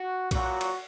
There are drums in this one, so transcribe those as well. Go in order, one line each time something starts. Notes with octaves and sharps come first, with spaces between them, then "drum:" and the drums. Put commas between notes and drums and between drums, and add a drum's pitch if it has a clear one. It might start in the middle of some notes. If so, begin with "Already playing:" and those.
Already playing: F#4
A#2 F#3 F#4, drum: kick B1, cymbal
drum: cymbal